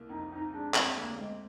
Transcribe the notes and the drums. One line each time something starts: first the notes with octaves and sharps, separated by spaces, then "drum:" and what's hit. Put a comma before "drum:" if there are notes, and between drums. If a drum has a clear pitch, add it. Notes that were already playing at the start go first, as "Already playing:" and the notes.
Already playing: C2 A#3
F2 D#4
F2 D#4
G#3 D4
C4 D4, drum: clap
D2 A#3
G#3 C4